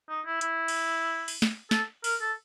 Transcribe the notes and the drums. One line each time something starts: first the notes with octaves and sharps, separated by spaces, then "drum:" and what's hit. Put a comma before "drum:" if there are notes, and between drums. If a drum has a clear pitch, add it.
D#4
E4
E4, drum: hi-hat
drum: cymbal
drum: open hi-hat
drum: snare
A4, drum: snare
A#4, drum: open hi-hat
A4